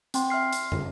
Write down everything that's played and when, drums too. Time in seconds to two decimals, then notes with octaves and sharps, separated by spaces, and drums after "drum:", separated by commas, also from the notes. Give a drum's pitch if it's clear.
0.14 C4 G5 C6, drum: hi-hat
0.30 E5 C6 F6 C7
0.53 drum: hi-hat
0.72 drum: tom